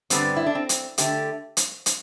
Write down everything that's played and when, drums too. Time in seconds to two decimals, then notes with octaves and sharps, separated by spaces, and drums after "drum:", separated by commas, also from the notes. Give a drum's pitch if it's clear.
0.10 G2 D3 G3 B3 C4, drum: hi-hat
0.36 E4
0.46 D4
0.55 C4
0.69 drum: hi-hat
0.98 D3 A3 G4, drum: hi-hat
1.57 drum: hi-hat
1.86 drum: hi-hat